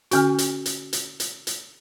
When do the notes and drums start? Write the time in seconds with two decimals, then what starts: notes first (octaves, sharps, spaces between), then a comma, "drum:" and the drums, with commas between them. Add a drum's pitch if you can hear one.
0.11 D3 C#4 F#4, drum: hi-hat
0.38 drum: hi-hat
0.66 drum: hi-hat
0.93 drum: hi-hat
1.20 drum: hi-hat
1.47 drum: hi-hat